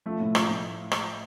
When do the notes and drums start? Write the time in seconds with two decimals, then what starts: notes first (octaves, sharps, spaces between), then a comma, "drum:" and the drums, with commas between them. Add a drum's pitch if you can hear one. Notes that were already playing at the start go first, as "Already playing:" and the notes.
0.06 F3 A3
0.20 A2
0.35 F3, drum: rim click
0.49 A2
0.91 drum: rim click